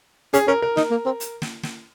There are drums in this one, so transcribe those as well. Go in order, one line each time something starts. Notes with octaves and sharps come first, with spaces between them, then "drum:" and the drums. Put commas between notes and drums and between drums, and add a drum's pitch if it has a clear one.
C#4 G#4, drum: hi-hat
C#4 A#4
A#4
D#4, drum: snare
A#3
C4
drum: hi-hat
drum: snare
drum: snare